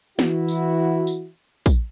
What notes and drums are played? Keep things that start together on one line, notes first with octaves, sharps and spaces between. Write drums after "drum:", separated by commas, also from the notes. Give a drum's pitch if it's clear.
E3 E4 F#4, drum: snare
drum: tambourine
drum: tambourine
drum: kick, tambourine